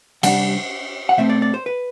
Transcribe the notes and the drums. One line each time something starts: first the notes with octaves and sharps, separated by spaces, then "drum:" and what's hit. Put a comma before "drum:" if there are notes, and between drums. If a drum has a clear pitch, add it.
C3 G3 D4 F#5, drum: cymbal
F#5
B2 A3 C4 E5
D5
D5
C5
B4